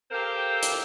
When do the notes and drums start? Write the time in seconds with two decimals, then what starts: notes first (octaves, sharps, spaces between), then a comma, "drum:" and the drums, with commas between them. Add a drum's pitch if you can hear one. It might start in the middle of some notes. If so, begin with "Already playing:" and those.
0.11 G4 A4 A#4 C5 F5 G5
0.63 drum: hi-hat